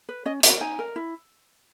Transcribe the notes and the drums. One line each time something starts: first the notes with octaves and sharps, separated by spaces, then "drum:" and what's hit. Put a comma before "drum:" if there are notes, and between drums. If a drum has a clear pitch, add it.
B4
C#4 D#5
F#4 A#4 E5, drum: hi-hat
D#4 G#5
A#4
E4